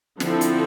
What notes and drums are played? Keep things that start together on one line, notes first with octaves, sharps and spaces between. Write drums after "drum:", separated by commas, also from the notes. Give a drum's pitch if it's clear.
D3 F3 C4 E4 A4, drum: snare
drum: hi-hat